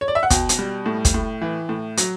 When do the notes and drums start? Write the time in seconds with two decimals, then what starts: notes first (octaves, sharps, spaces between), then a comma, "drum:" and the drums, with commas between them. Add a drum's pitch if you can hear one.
0.01 C#5
0.08 D5
0.15 E5
0.23 F#5
0.30 B2 G5, drum: kick, hi-hat
0.49 drum: hi-hat
0.59 G3
0.86 A2
1.05 drum: kick, hi-hat
1.14 A2
1.42 E3
1.69 A2
1.97 F#3, drum: hi-hat